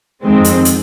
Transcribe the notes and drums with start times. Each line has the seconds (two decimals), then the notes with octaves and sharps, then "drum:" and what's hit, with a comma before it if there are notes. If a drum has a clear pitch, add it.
0.24 F2 D#3 G#3 C4
0.45 drum: hi-hat
0.65 drum: hi-hat